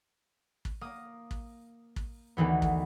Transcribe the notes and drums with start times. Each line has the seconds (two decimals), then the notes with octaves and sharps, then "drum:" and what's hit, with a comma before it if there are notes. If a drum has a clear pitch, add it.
0.65 drum: kick
0.81 A#3 D#6
1.31 drum: kick
1.96 drum: kick
2.37 D2 D#3 E3 B3
2.62 drum: kick